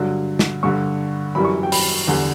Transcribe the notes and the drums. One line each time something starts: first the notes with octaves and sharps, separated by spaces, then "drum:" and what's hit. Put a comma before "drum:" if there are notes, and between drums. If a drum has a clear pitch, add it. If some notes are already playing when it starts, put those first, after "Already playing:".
Already playing: G2 D3 F#3
drum: snare
G2 D3 G3 C#6
F#2 E3 G3 B5
C#6
G5
B5, drum: open hi-hat
E2 D3 G3